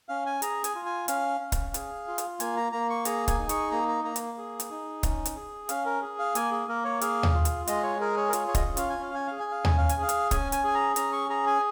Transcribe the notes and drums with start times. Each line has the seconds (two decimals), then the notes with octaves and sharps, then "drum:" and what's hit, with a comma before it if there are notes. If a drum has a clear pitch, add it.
0.09 C#4 F5
0.26 G#5
0.42 G#4 A#5, drum: hi-hat
0.64 G#5, drum: hi-hat
0.75 F4
0.86 G#5
1.08 C#4 F5, drum: hi-hat
1.41 C#4
1.52 drum: kick, hi-hat
1.74 G#4, drum: hi-hat
2.08 F4
2.18 drum: hi-hat
2.40 A#3 G#5, drum: hi-hat
2.57 A#5
2.72 A#3 A#5
2.90 C#6
3.05 G#4 A#5, drum: hi-hat
3.28 G#5, drum: kick, hi-hat
3.39 D#4
3.49 C#6, drum: hi-hat
3.71 A#3 A#5
3.88 A#5
4.04 A#3 A#5
4.16 drum: hi-hat
4.38 G#4
4.60 drum: hi-hat
4.71 D#4
5.03 C#4, drum: kick, hi-hat
5.25 drum: hi-hat
5.36 G#4
5.69 C#4 F5, drum: hi-hat
5.86 A#4
6.02 G#4
6.19 F5
6.35 A#3 G#5, drum: hi-hat
6.51 G#4
6.68 A#3 A#4
6.85 C#5
7.01 G#4 F5, drum: hi-hat
7.23 drum: tom D#2
7.34 F4
7.45 drum: hi-hat
7.67 G#3 D#5, drum: hi-hat
7.83 C#5
8.00 G#4 A#4
8.17 C#5
8.29 A#4
8.33 F4 C#5, drum: hi-hat
8.48 C#5
8.55 D#5, drum: kick, hi-hat
8.66 C#4
8.77 F5, drum: hi-hat
8.90 G#5
8.99 C#4 F5
9.15 G#5
9.27 G#4 F5
9.40 G#5
9.51 F5
9.65 C#4 G#5, drum: tom D#2
9.78 F5
9.89 G#5, drum: hi-hat
9.98 G#4 F5
10.09 drum: hi-hat
10.31 C#4 G#5, drum: kick, hi-hat
10.52 G#5, drum: hi-hat
10.64 G#4 G#5
10.75 A#5
10.96 C#4 A#5, drum: hi-hat
11.12 C#6
11.30 G#4 A#5
11.47 G#5